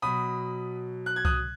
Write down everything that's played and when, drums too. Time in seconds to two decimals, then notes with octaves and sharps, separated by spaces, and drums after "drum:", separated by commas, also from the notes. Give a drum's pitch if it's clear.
0.02 B2 F#3 B5 D#6
1.06 F#6
1.16 G#6
1.25 D#6 F#6, drum: kick C2